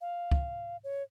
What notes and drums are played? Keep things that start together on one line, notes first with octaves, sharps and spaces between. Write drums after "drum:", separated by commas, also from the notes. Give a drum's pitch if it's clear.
F5
drum: kick
C#5